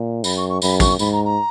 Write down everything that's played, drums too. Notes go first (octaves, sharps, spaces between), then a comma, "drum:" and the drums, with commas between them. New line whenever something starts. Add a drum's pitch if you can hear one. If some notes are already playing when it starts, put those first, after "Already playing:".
Already playing: A#2
F#2 B5, drum: tambourine
C#6
C#6
F#2 B5, drum: tambourine
C#6, drum: kick, tambourine
G#2 B5, drum: tambourine
A#5
A#5